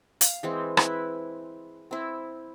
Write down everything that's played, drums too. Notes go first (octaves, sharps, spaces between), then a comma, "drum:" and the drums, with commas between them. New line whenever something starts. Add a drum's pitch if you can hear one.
F5, drum: hi-hat
E3 G#3 C4
C4 E4 B4, drum: rim click
C4 E4